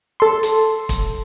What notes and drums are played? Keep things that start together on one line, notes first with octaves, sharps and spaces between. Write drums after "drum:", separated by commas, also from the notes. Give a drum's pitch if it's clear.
A4 C6
drum: hi-hat
drum: kick, hi-hat